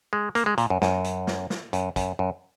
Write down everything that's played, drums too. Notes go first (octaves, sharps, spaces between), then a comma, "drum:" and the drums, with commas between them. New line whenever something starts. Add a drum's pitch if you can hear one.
G#3
A#3, drum: hi-hat
G#3
A#2, drum: hi-hat
F#2
F#2, drum: snare
drum: hi-hat
drum: snare
drum: snare
F#2, drum: hi-hat
F#2, drum: kick, hi-hat
F#2